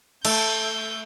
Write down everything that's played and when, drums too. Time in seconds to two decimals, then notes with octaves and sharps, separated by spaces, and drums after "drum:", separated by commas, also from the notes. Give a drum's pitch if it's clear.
0.25 A3 G6, drum: cymbal